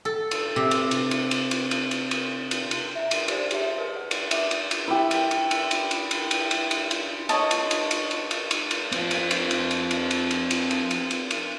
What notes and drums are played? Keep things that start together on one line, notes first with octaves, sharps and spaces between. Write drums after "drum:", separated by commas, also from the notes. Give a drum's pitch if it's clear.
A4
drum: cymbal
C3
drum: cymbal
drum: cymbal
drum: cymbal
drum: cymbal
drum: cymbal
drum: cymbal
drum: cymbal
drum: cymbal
drum: cymbal
drum: cymbal
E5 A#5
drum: cymbal
G4 C5 D5 F5 A5, drum: cymbal
G4 G#4 C#5 E5, drum: cymbal
A#4 B4 C#5 D#5 A5
F#5
drum: cymbal
E5 G5 D6, drum: cymbal
drum: cymbal
drum: cymbal
E4 G4
drum: cymbal
drum: cymbal
drum: cymbal
drum: cymbal
drum: cymbal
drum: cymbal
drum: cymbal
drum: cymbal
drum: cymbal
drum: cymbal
C#5 D#5 A5, drum: cymbal
drum: cymbal
drum: cymbal
drum: cymbal
drum: cymbal
drum: cymbal
drum: cymbal
drum: cymbal
C4 F4, drum: cymbal
drum: cymbal
drum: cymbal
drum: cymbal
drum: cymbal
drum: cymbal
drum: cymbal
drum: cymbal
drum: cymbal
drum: cymbal
drum: cymbal
drum: cymbal
drum: cymbal